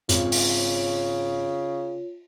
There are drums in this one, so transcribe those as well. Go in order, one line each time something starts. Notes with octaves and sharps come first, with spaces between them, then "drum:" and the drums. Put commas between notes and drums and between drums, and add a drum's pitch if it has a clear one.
G#1 C#3 F4 C#5, drum: hi-hat
drum: open hi-hat